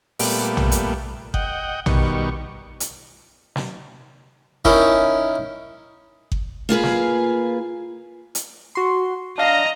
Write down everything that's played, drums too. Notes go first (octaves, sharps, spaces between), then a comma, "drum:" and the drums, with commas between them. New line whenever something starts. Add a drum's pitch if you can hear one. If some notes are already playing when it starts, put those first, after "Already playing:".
A#2 G3 A3 B3, drum: open hi-hat
drum: tom
drum: hi-hat
D#5 F#5 G5, drum: kick G1
B2 D#3 G3 C#6, drum: tom
drum: hi-hat
drum: snare
D#3 C#4 E4, drum: kick G1
drum: kick G1
A#3 F4 G#4 B4
drum: snare
drum: hi-hat
F#4 C6
D4 D#5 F5 A#5 A#6